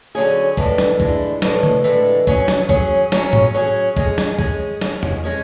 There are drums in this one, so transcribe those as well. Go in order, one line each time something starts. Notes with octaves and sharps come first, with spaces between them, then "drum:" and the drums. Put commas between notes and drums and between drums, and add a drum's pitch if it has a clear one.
D3 F#3 C#4 G#4
A2 E3 G#3 D4 A4, drum: kick
drum: snare
A2 E3 G#3 D4 A4, drum: kick
A2 E3 G#3 D4 A4, drum: snare
drum: tom C#3
A2 E3 G#3 D4 A4
F#3 C#4 G#4, drum: kick
drum: snare
F#3 C#4 G#4, drum: kick
F#3 C#4 G#4, drum: snare
drum: tom G#2
F#3 C#4 G#4
G#3 C#4 G#4, drum: kick
drum: snare
G#3 C#4 G#4, drum: kick
G#3 C#4 G#4, drum: snare
drum: tom E2
G#3 C#4 G#4